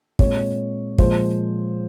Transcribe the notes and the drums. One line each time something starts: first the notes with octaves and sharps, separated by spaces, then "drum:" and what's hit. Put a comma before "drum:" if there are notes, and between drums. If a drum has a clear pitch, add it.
A#2 G#3 C4 C#5, drum: kick
A#2 F3 G#3 C5, drum: kick